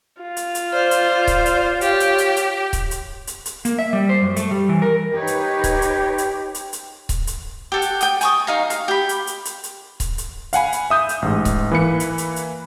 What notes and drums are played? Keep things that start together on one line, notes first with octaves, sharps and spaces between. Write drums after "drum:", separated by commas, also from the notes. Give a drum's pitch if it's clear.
F4
drum: hi-hat
drum: hi-hat
C5 D5
drum: hi-hat
drum: kick C#1, hi-hat
drum: hi-hat
G4 C#5, drum: hi-hat
drum: hi-hat
drum: hi-hat
drum: hi-hat
drum: kick C#1, hi-hat
drum: hi-hat
drum: hi-hat
drum: hi-hat
A#3, drum: hi-hat
E5
G3
C5
F#2
A3, drum: hi-hat
G3
E3
A#4
D#4 G4 B4 C#5
drum: hi-hat
drum: kick C#1, hi-hat
drum: hi-hat
drum: hi-hat
drum: hi-hat
drum: hi-hat
drum: kick C#1, hi-hat
drum: hi-hat
G4 A4 F#5
drum: hi-hat
G5 D#6, drum: hi-hat
G#5 C#6 D#6, drum: hi-hat
D#4 F5 A#5
F5, drum: hi-hat
G4 B5
drum: hi-hat
drum: hi-hat
drum: hi-hat
drum: hi-hat
drum: kick C#1, hi-hat
drum: hi-hat
F5 F#5 G#5 B5, drum: hi-hat
drum: hi-hat
E5 D#6 G6
drum: hi-hat
A1 G#2
drum: kick C#1, hi-hat
E3 A#3 B4 C#7
drum: hi-hat
drum: hi-hat
drum: hi-hat